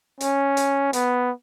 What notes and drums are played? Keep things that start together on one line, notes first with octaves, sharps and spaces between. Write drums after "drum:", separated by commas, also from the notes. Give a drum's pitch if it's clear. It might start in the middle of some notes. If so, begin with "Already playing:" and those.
C#4, drum: hi-hat
drum: hi-hat
B3, drum: hi-hat